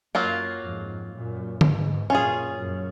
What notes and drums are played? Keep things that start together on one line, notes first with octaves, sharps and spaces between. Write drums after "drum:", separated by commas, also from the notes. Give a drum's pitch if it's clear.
F#2 F#3 A#3 F4
F2 G#2
F#2 A#2
G#2 B2, drum: tom D3
F#2 A#2 C#4 F4 G#4
F#2